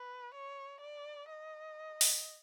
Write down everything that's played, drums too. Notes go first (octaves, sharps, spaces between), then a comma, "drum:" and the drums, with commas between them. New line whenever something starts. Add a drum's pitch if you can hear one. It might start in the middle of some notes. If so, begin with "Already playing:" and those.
Already playing: B4
C#5
D5
D#5
drum: open hi-hat